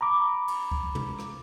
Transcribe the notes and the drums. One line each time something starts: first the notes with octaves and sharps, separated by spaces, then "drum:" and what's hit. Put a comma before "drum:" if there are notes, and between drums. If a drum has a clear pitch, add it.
A#5 B5 D6
drum: cymbal
drum: kick C#2
drum: tom
drum: rim click